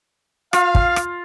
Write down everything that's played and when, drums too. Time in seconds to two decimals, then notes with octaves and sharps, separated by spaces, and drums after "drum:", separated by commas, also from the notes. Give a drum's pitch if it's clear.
0.53 F4 F5, drum: rim click
0.75 drum: kick
0.96 drum: rim click